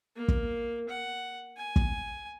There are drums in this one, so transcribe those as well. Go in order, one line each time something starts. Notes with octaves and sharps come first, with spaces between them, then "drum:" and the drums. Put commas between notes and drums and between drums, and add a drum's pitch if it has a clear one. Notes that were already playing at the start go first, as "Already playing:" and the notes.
A#3
drum: kick
F#5
G#5
drum: kick